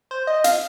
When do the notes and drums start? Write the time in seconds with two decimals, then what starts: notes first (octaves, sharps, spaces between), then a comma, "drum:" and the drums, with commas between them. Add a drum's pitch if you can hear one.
0.11 C5
0.27 D#5
0.44 F5, drum: hi-hat